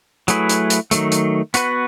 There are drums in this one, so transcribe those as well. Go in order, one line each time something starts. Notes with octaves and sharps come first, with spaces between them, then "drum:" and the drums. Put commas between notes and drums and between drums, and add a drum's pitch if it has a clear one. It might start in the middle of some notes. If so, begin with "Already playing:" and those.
F#3 A3 E4 G#4 B4, drum: hi-hat
drum: hi-hat
drum: hi-hat
D#3 F#3 A3, drum: hi-hat
drum: hi-hat
B3 F#4 B4, drum: hi-hat